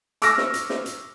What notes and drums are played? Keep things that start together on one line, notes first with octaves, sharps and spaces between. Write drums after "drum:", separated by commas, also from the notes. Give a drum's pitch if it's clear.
C#6 D6 E6 F6 A#6, drum: hi-hat
drum: snare
drum: hi-hat
drum: snare
drum: hi-hat